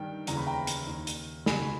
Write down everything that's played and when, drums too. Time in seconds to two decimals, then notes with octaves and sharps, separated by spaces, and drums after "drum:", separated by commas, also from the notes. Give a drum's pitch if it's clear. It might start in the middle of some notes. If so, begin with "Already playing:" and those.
Already playing: G2 D#3 G5
0.27 D#2 C#3 E3 A#5, drum: hi-hat
0.37 B5
0.47 G5 A#5
0.67 drum: hi-hat
0.87 D#2 D#3
1.07 drum: hi-hat
1.46 C#2 B2 G#5 B5, drum: snare